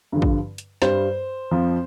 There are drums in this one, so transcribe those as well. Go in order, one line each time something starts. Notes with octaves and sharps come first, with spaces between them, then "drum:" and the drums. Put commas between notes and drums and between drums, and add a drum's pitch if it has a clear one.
G2 D3 F3
drum: kick
drum: hi-hat
G2 G3 C5, drum: snare
F2 F3